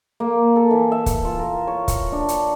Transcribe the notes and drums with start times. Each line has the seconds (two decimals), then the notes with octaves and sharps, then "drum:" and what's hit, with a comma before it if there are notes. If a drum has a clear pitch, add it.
0.20 A#3
0.56 A4
0.71 E3
0.92 E5
1.06 drum: kick C#1, hi-hat
1.25 F4
1.39 A#4
1.67 C#5
1.88 drum: kick C#1, hi-hat
2.12 D4
2.28 drum: hi-hat